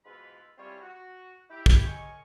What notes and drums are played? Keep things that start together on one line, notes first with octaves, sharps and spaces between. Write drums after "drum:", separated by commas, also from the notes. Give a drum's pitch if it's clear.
G#2 B2 E3 F4 B4 B5
G3 C4 C#4 E4 F4 C#5
F#4
E4 G4
drum: kick
F#2 G#3 C#4 D#5 G#5 C#6